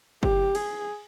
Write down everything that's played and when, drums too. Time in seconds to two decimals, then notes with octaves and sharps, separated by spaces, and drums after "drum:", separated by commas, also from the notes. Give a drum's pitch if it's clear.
0.23 G4, drum: kick F#1
0.55 G#4, drum: cymbal